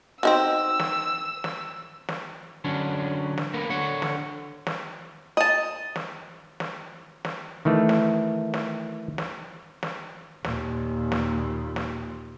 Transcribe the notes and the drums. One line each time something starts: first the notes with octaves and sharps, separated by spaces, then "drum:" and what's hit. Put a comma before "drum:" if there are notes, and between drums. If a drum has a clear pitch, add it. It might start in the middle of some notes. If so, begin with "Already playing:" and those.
C4 D#4 F#4 E6
drum: snare
drum: snare
drum: snare
D3 F#3 C#4 D4
drum: snare
A#3 B3 A#4
D3 C#5 F#5
drum: snare
drum: snare
D#5 A5
drum: snare
drum: snare
drum: snare
D#3 E3 A3
drum: snare
drum: snare
drum: snare
drum: snare
D#2 A#2, drum: snare
drum: snare
drum: snare